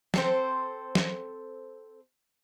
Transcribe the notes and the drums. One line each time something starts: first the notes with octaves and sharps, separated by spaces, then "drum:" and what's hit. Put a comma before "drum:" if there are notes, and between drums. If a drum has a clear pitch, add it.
C4 A4 C5, drum: snare
drum: snare